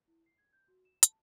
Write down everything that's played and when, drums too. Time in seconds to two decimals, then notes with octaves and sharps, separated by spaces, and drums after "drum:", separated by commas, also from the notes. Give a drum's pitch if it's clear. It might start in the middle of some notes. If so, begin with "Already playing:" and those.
0.08 E4
0.26 C7
0.38 G#6
0.53 G6
0.68 F#4
0.85 E7
1.03 A5, drum: hi-hat